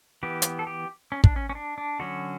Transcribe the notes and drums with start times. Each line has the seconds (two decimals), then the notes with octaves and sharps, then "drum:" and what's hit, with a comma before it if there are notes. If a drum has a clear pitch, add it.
0.23 E3 B3 G4
0.42 drum: hi-hat
0.59 A4
0.67 G4
1.12 C#4
1.24 D4, drum: kick
1.36 C#4
1.49 C#4
1.55 D4
1.78 D4
1.99 D3 F#3 C#4 F#4